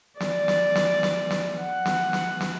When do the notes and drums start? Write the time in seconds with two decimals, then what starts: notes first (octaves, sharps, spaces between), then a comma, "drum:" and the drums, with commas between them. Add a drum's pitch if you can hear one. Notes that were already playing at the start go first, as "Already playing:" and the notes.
0.20 D5, drum: snare
0.48 drum: snare
0.75 drum: snare
1.03 drum: snare
1.30 drum: snare
1.62 F#5
1.85 drum: snare
2.13 drum: snare
2.40 drum: snare